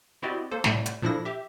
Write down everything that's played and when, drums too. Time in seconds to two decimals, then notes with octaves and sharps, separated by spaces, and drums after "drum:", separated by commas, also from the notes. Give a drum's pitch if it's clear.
0.22 C4 E4 F#4 G4 D5 D#5
0.51 A#3 A4 C5
0.64 A2 C3 G3 A3, drum: snare
0.86 drum: hi-hat
1.02 A#2 F3 D4 E4 A4 A#6
1.25 G4 E5